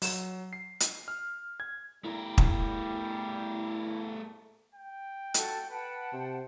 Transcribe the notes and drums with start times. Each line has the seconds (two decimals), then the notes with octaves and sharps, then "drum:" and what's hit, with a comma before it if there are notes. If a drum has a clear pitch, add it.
0.02 F#3, drum: open hi-hat
0.53 C7
0.80 drum: hi-hat
1.08 F6
1.60 G#6
2.04 G3 A3 E4 A#4
2.38 drum: kick
4.75 G5
5.34 F#4 A4, drum: hi-hat
5.70 B4 F#5 G5 A5
6.13 C3 C5